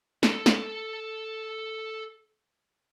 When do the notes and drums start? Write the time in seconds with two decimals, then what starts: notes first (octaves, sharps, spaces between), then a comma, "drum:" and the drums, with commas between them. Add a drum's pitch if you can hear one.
0.23 A4 A5, drum: snare
0.46 drum: snare